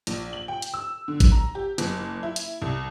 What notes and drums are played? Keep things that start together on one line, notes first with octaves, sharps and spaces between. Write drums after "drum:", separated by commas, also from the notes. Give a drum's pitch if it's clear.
A#1, drum: hi-hat
F#7
G5
drum: hi-hat
E6
D3
drum: kick G#1, hi-hat
A#5
G4
F#1, drum: hi-hat
E4
drum: hi-hat
C2